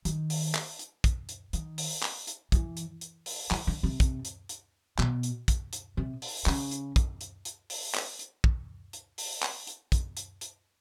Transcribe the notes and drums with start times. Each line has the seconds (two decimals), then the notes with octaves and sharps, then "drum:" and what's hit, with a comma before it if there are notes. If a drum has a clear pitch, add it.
0.05 D#3, drum: hi-hat
0.30 drum: open hi-hat
0.55 drum: clap
0.79 drum: hi-hat
1.04 drum: kick, hi-hat
1.29 drum: hi-hat
1.53 D#3, drum: hi-hat
1.78 drum: open hi-hat
2.03 drum: clap
2.27 drum: hi-hat
2.52 E3, drum: kick, hi-hat
2.77 drum: hi-hat
3.01 drum: hi-hat
3.26 drum: open hi-hat
3.51 E3, drum: clap
3.67 D3
3.83 C3
4.00 drum: kick, hi-hat
4.25 drum: hi-hat
4.49 drum: hi-hat
4.99 B2, drum: clap
5.23 drum: hi-hat
5.48 drum: kick, hi-hat
5.73 drum: hi-hat
5.97 C3
6.22 drum: open hi-hat
6.46 C#3, drum: clap
6.71 drum: hi-hat
6.96 drum: kick, hi-hat
7.21 drum: hi-hat
7.45 drum: hi-hat
7.70 drum: open hi-hat
7.95 drum: clap
8.19 drum: hi-hat
8.44 drum: kick
8.93 drum: hi-hat
9.18 drum: open hi-hat
9.43 drum: clap
9.67 drum: hi-hat
9.92 drum: kick, hi-hat
10.17 drum: hi-hat
10.41 drum: hi-hat